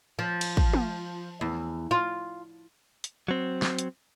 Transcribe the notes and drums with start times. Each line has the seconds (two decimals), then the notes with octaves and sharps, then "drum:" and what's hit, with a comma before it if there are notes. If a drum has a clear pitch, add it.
0.19 F3
0.41 drum: cymbal
0.57 drum: kick
0.73 drum: tom
1.41 E2
1.91 F4
3.04 drum: hi-hat
3.28 F#3 C4
3.62 drum: snare
3.79 drum: hi-hat